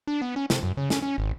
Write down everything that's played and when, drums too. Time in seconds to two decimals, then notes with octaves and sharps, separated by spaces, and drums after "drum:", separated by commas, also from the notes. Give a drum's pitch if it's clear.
0.07 D4
0.22 B3
0.36 C#4
0.50 C3, drum: snare
0.63 F#2
0.77 C#3
0.90 C#4, drum: snare
1.02 C#4
1.18 G#1